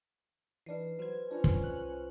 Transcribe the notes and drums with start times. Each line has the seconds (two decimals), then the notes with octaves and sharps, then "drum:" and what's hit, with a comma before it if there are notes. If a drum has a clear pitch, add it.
0.66 E3 D4 D#4 B4 C7
0.99 F#3 B4 C5 G#6
1.31 C#4 D4 F4 B4 C5
1.44 drum: kick
1.64 C2 F#6